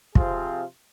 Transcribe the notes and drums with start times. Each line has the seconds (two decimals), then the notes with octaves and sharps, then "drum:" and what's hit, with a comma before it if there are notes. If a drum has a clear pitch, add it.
0.15 C3 F3 C4 F4 G#4, drum: kick